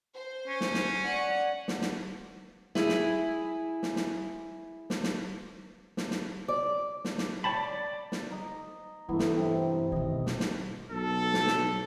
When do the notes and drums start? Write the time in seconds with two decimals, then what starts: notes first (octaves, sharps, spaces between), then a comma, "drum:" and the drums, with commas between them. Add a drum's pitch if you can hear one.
0.15 C5
0.48 C#4
0.61 drum: snare
0.74 drum: snare
1.04 D5 F#5
1.68 drum: snare
1.81 drum: snare
2.75 E4 G#4, drum: snare
2.89 drum: snare
3.83 drum: snare
3.96 drum: snare
4.90 drum: snare
5.03 drum: snare
5.97 drum: snare
6.11 drum: snare
6.48 D5
7.05 drum: snare
7.18 drum: snare
7.44 C#5 G5 A5 B5
7.56 D5
8.12 drum: snare
8.31 D#5 A#5
9.09 G2 E3 A3 B3
9.19 drum: snare
9.37 C3
9.92 B2 D#3 D#5
10.26 drum: snare
10.40 drum: snare
10.91 B1 A4
11.34 drum: snare
11.47 drum: snare